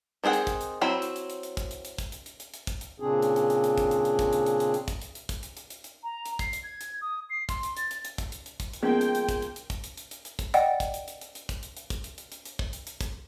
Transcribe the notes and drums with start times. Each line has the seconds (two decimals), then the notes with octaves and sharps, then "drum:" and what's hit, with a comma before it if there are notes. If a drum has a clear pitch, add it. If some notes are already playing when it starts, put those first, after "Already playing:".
0.24 D#3 C4 G#4 F#5 G5
0.33 drum: hi-hat
0.47 drum: kick, hi-hat
0.61 drum: hi-hat
0.81 F#3 C4 E4 B5
1.02 drum: hi-hat
1.16 drum: hi-hat
1.30 drum: hi-hat
1.43 drum: hi-hat
1.57 drum: kick, hi-hat
1.71 drum: hi-hat
1.85 drum: hi-hat
1.98 drum: kick, hi-hat
2.12 drum: hi-hat
2.26 drum: hi-hat
2.40 drum: hi-hat
2.54 drum: hi-hat
2.67 drum: kick, hi-hat
2.81 drum: hi-hat
3.00 A#2 C#3 C4 D4 G#4
3.22 drum: hi-hat
3.36 drum: hi-hat
3.50 drum: hi-hat
3.64 drum: hi-hat
3.78 drum: kick, hi-hat
3.91 drum: hi-hat
4.05 drum: hi-hat
4.19 drum: kick, hi-hat
4.33 drum: hi-hat
4.46 drum: hi-hat
4.60 drum: hi-hat
4.74 drum: hi-hat
4.88 drum: kick, hi-hat
5.02 drum: hi-hat
5.15 drum: hi-hat
5.29 drum: kick, hi-hat
5.43 drum: hi-hat
5.57 drum: hi-hat
5.70 drum: hi-hat
5.84 drum: hi-hat
6.03 A#5
6.26 drum: hi-hat
6.39 C7, drum: kick, hi-hat
6.53 drum: hi-hat
6.63 G#6
6.81 drum: hi-hat
7.01 D#6
7.30 C7
7.49 C6, drum: kick, hi-hat
7.63 drum: hi-hat
7.77 A6, drum: hi-hat
7.91 drum: hi-hat
8.05 drum: hi-hat
8.18 drum: kick, hi-hat
8.32 drum: hi-hat
8.46 drum: hi-hat
8.60 drum: kick, hi-hat
8.73 drum: hi-hat
8.83 F3 G#3 A#3 B3 C#4 G5
9.01 drum: hi-hat
9.15 drum: hi-hat
9.29 drum: kick, hi-hat
9.42 drum: hi-hat
9.56 drum: hi-hat
9.70 drum: kick, hi-hat
9.84 drum: hi-hat
9.97 drum: hi-hat
10.11 drum: hi-hat
10.25 drum: hi-hat
10.39 drum: kick, hi-hat
10.54 D5 D#5 F#5 G5, drum: hi-hat
10.80 drum: kick, hi-hat
10.94 drum: hi-hat
11.08 drum: hi-hat
11.21 drum: hi-hat
11.35 drum: hi-hat
11.49 drum: kick, hi-hat
11.63 drum: hi-hat
11.77 drum: hi-hat
11.90 drum: kick, hi-hat
12.04 drum: hi-hat
12.18 drum: hi-hat
12.32 drum: hi-hat
12.45 drum: hi-hat
12.59 drum: kick
12.73 drum: hi-hat
12.87 drum: hi-hat
13.01 drum: kick, hi-hat